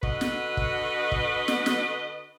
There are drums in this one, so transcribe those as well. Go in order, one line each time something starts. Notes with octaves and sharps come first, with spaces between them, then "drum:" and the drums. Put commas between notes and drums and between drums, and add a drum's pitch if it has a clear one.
D3 F#4 B4 D#5, drum: kick
drum: snare
drum: kick
drum: kick
drum: snare
drum: snare